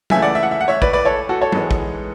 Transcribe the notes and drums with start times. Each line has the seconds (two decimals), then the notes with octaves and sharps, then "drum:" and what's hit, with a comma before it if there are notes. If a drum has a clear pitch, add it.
0.10 C#2 C#3 E3 A3 E5 G#5, drum: tom
0.22 D5 F#5
0.35 E5
0.43 F#5
0.51 E5
0.61 F#5
0.68 C#5 E5
0.82 B4 D5, drum: kick
0.93 B4 D5
1.05 A4 C#5
1.29 F#4 A4
1.41 A4 C#5
1.52 G#2 E3 G#3 B3, drum: tom
1.71 drum: kick